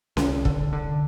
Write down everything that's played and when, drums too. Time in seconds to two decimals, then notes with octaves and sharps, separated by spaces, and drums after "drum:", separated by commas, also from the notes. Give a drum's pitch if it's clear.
0.17 C2, drum: snare C#4
0.45 D3, drum: kick
0.73 D3